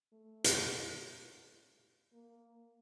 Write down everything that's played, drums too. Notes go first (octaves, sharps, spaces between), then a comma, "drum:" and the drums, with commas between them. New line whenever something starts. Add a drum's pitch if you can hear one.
A3
drum: hi-hat
A#3